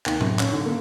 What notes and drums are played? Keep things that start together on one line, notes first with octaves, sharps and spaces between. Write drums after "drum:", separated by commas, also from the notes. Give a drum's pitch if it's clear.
D#2, drum: clap
F#2, drum: tom A2
C#4, drum: clap
D3
A#3